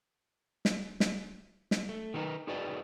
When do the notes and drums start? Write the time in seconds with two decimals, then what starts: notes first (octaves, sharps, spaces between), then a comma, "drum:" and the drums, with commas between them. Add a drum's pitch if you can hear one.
0.65 drum: snare
1.00 drum: snare
1.71 drum: snare
1.89 A3
2.14 D#3 G#3 A#3 D#4 A#4 B4
2.47 D#4 F#4 G#4 B4 D5 D#5